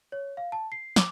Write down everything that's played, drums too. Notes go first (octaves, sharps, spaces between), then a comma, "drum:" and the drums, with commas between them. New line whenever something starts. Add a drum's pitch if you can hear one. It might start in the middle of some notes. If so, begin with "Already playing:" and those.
C#5
F5
A5
C7
D6, drum: snare